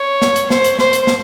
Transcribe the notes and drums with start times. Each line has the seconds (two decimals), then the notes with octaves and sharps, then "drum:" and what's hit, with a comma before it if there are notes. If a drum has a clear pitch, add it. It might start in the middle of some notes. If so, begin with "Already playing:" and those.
Already playing: C#5
0.22 drum: snare
0.36 drum: hi-hat
0.50 C5, drum: snare
0.64 drum: hi-hat
0.79 C5, drum: snare
0.93 drum: hi-hat
1.07 drum: snare